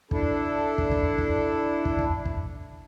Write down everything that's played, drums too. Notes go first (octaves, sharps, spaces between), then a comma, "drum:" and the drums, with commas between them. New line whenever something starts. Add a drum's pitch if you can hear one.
D4 E4 A4, drum: kick
drum: kick
drum: kick
drum: kick
drum: kick
drum: kick
drum: kick